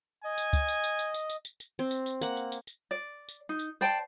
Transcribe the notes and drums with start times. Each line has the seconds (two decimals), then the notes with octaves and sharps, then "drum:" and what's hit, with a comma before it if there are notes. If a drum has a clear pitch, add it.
0.24 D#5 G#5
0.38 drum: tambourine
0.53 drum: kick, tambourine
0.68 drum: tambourine
0.84 drum: tambourine
0.99 drum: tambourine
1.14 drum: tambourine
1.30 drum: tambourine
1.45 drum: tambourine
1.60 drum: tambourine
1.79 C4
1.91 drum: tambourine
2.06 drum: tambourine
2.21 A#3 F#5, drum: tambourine
2.37 drum: tambourine
2.52 drum: tambourine
2.67 drum: tambourine
2.91 D5
3.29 drum: tambourine
3.49 D#4
3.59 drum: tambourine
3.81 C5 D5 G5 A5